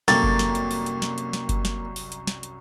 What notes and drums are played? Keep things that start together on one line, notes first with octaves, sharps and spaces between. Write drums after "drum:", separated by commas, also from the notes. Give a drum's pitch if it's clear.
C2 F#2 A#3 A4 G5 C#6 A6, drum: snare
drum: kick G1
drum: snare
drum: hi-hat
drum: open hi-hat
drum: hi-hat
drum: snare
drum: hi-hat
drum: snare
drum: kick G1, hi-hat
drum: snare
drum: open hi-hat
drum: hi-hat
drum: snare
drum: hi-hat